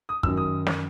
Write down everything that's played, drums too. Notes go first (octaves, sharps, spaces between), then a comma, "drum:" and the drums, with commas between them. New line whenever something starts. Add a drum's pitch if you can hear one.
D#6
F#2 D#3 F#3 E6, drum: kick
D#6
drum: snare